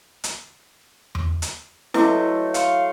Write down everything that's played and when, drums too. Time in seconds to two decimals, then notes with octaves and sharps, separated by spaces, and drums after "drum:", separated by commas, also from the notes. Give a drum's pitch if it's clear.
0.24 drum: hi-hat
1.15 drum: tom E2
1.42 drum: hi-hat
1.94 F#3 A3 E4 B4 D#5 C6 D6, drum: snare
2.54 F5 C6 C#7, drum: hi-hat